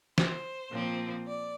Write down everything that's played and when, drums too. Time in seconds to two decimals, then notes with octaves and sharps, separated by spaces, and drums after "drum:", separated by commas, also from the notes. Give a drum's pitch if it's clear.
0.18 C5, drum: snare
0.71 A#2 F3 C4
1.27 D5